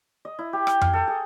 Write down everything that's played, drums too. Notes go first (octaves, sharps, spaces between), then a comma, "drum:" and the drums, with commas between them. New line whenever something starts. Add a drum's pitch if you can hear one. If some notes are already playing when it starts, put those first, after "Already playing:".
D#5
E4
G4
G5, drum: rim click
F5, drum: tom F2
A4
G#4